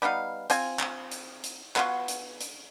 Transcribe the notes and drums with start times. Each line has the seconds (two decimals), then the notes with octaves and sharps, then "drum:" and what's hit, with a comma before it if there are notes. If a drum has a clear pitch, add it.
0.02 G3 B3 D#4 F5
0.50 C4 F4 G#5, drum: hi-hat
0.79 drum: clap
1.11 drum: hi-hat
1.44 drum: hi-hat
1.76 B3 F4 F#4, drum: clap
2.08 drum: hi-hat
2.41 drum: hi-hat